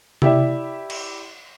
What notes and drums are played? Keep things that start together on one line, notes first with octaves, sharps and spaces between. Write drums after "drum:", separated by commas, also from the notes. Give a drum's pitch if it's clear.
E4 G4 D5 E5, drum: tom C3
drum: cymbal